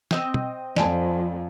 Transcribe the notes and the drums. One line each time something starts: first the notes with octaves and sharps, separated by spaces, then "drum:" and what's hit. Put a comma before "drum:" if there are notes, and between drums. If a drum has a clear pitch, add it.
C4 D#5 G5, drum: snare
drum: tom
F2 F3 D5 G#5 A5, drum: snare